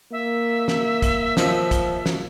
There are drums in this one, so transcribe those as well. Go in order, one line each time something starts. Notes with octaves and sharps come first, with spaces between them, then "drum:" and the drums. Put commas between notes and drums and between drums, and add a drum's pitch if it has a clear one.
A#3 E5
drum: snare
drum: kick, hi-hat
D#2 F3 F4 D#5, drum: snare
drum: kick, hi-hat
drum: snare